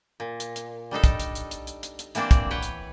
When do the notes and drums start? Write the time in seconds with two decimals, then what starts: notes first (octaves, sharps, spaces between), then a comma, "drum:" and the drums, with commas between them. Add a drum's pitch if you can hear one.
0.20 A#2
0.40 drum: hi-hat
0.56 drum: hi-hat
0.91 G3 D4 D#4 A4
1.04 drum: kick, hi-hat
1.20 drum: hi-hat
1.35 drum: hi-hat
1.51 drum: hi-hat
1.67 drum: hi-hat
1.83 drum: hi-hat
1.99 drum: hi-hat
2.15 E3 A#3 C4 D4 D5, drum: hi-hat
2.31 drum: kick, hi-hat
2.51 B4 C#5 F#5 G5
2.63 drum: hi-hat